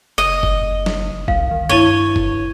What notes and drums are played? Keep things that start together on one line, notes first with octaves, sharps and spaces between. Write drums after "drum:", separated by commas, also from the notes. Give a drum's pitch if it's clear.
F#1 D#5
drum: kick
drum: snare
C2 F5, drum: kick
D#3
G2 E4 C#5 D#7 G7
drum: kick